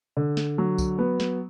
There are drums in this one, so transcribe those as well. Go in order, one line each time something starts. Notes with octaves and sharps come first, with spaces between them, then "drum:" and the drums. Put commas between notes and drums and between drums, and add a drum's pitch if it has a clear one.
D3
drum: snare
F#3
drum: kick C2, tambourine
B3
drum: snare